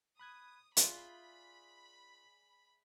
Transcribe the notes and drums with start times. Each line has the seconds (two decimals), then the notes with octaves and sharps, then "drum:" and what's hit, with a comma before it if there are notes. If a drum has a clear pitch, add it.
0.19 B5 D#6 F#6 G#6
0.77 F4 G#4 D5 E5 B5 C6 F#6, drum: hi-hat